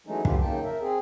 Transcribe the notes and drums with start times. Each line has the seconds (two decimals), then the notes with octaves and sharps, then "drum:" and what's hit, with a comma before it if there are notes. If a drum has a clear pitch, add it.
0.07 E3 F#3 G#3 A3 C#4 D#4
0.25 F#3 B3 F4 G4, drum: kick
0.41 F#2 C#3 A#3 D#4 G5 A5
0.64 A#4 E5
0.81 C4 G#4